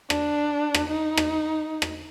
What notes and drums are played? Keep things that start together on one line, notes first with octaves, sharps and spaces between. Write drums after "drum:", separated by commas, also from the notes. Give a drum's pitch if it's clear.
D4, drum: rim click
drum: rim click
D#4
drum: rim click
drum: rim click